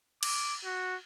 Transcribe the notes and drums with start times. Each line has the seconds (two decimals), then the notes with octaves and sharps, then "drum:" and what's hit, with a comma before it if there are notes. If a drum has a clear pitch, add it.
0.23 D6, drum: cymbal
0.65 F#4